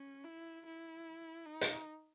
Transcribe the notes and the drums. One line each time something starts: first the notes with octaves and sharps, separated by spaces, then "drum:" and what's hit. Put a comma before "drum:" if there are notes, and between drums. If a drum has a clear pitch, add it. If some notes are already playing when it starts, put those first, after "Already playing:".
Already playing: C#4
E4
E4
D#4
drum: hi-hat